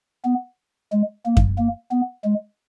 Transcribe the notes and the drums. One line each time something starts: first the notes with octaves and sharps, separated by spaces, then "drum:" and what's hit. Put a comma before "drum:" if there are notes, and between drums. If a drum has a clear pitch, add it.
B3
G#3
A#3
drum: kick F#2
A#3
B3
G#3